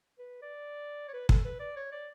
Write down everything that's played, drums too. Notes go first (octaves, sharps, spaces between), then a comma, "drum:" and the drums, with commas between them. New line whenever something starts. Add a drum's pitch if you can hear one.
B4
D5
C#5
B4
A4, drum: kick
B4
D5
C#5
D5